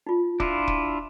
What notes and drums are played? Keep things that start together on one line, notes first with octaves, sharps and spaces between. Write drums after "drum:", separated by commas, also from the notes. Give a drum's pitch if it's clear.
D#4 F4
D4 E4 F4 E5, drum: kick
drum: kick